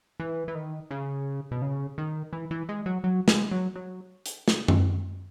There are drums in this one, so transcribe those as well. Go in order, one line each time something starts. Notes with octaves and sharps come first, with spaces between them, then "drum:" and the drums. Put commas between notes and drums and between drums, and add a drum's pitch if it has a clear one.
E3
E3
D#3
C#3
B2
C#3
D#3
E3
E3
G#3
F#3
F#3
G#3, drum: snare
F#3
F#3
drum: hi-hat
drum: snare
drum: tom F#2